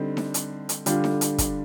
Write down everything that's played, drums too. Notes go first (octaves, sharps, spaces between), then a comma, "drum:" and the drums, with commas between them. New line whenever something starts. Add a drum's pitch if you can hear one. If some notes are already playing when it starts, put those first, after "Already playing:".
Already playing: D3 G3 C4 D#4
drum: snare D#4
drum: hi-hat
drum: hi-hat
D3 G3 D4 F4, drum: hi-hat
drum: snare D#4
drum: hi-hat
drum: kick, hi-hat